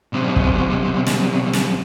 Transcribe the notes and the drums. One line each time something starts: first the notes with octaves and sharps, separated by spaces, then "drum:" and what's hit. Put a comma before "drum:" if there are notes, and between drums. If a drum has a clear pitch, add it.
B1 C3
drum: kick
drum: snare
drum: snare